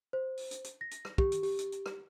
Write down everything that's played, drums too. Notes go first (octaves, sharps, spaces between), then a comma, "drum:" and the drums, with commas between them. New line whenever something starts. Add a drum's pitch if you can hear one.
C5
drum: open hi-hat
drum: hi-hat
drum: hi-hat
A#6
drum: hi-hat
drum: rim click
G4, drum: kick
drum: hi-hat
G4, drum: open hi-hat
drum: hi-hat
drum: hi-hat
drum: rim click